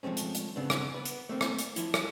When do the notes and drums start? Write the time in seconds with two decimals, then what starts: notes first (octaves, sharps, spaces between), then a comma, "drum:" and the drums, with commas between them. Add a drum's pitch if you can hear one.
0.03 F3 G#3 A3 C4 C#4
0.17 drum: hi-hat
0.35 drum: hi-hat
0.56 C#3 B3 C4 D4
0.70 drum: rim click
0.94 B3 B4
1.05 drum: hi-hat
1.29 A3 A#3 C4
1.41 drum: rim click
1.59 drum: hi-hat
1.76 F3 E4, drum: hi-hat
1.94 drum: rim click